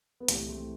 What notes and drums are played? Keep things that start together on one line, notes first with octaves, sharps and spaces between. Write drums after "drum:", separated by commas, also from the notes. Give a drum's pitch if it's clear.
B3
C2 C3 E3 A3, drum: hi-hat
A3 C4